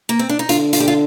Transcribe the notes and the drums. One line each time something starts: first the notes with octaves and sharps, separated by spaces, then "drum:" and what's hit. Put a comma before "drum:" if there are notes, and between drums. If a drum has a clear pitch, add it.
A#3
C4
D4
D#4
D3 F4, drum: hi-hat
F4, drum: hi-hat
G4
F4